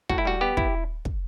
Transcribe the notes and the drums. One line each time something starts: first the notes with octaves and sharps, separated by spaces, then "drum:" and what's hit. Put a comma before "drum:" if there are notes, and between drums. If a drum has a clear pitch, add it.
A2 F#4, drum: kick
E4
G3 F#4
B3 G4
E4, drum: kick
drum: kick